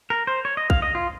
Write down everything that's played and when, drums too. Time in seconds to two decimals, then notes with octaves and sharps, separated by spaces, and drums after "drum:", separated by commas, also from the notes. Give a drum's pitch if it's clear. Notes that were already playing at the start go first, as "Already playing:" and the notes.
0.10 A#4
0.27 C5
0.45 C#5
0.57 D#5
0.70 F5, drum: kick
0.82 D#5
0.95 F4